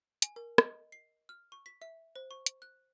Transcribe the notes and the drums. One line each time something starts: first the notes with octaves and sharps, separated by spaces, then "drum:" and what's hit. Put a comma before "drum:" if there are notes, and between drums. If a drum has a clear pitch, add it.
G#5, drum: hi-hat
A#4
D#5, drum: rim click
C7
F6
C#6
B6
E5
C5
C#6
drum: hi-hat
F#6